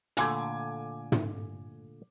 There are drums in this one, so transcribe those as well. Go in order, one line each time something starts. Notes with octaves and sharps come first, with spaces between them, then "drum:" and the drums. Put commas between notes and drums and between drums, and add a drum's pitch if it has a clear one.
A#2 D3 A3 G#5 D6 G#6, drum: hi-hat
drum: tom